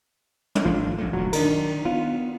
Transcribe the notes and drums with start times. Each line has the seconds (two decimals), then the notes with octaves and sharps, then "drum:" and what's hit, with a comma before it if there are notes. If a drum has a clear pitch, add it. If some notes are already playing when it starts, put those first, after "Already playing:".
0.55 drum: tom
0.65 G#1 F3 A3 D4
0.98 A1 F#3 A3
1.13 D#1 G2 F#3
1.33 D#3 D4 D#4 A#4, drum: cymbal
1.85 B3 F4